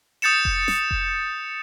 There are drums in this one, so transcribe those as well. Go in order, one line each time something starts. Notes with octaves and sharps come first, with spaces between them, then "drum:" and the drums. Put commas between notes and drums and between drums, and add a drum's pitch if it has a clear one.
D#6 G6 A6 C#7 E7
drum: kick F1
drum: snare
drum: kick F1